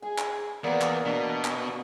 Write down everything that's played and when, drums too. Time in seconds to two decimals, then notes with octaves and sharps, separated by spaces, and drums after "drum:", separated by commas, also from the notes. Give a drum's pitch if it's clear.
0.02 G#4 G#5
0.18 drum: clap
0.64 E2 A#3 B3 D5
0.81 drum: clap
1.06 B2 D4
1.45 drum: clap